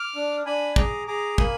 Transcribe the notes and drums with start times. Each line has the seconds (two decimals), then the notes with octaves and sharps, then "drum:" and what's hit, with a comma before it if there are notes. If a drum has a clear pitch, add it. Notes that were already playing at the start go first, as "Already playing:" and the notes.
Already playing: D6 F6
0.15 D4
0.46 D4 G#5 B5
0.76 G#4 A#5 D6, drum: kick
1.07 G#4 A#5 D6
1.38 A#3 G#5 B5, drum: kick